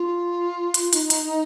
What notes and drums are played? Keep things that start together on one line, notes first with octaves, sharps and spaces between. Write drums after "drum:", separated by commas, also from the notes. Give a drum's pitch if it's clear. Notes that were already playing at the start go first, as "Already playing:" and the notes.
Already playing: F4
drum: hi-hat
D#4, drum: hi-hat
drum: hi-hat